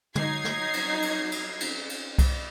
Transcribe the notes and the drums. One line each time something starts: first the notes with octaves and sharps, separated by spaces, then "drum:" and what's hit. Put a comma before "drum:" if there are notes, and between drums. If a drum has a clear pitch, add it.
F#3 D#4 G#6 C7, drum: tom
drum: snare
drum: cymbal
drum: cymbal
drum: cymbal
drum: cymbal
drum: cymbal
drum: kick C2, cymbal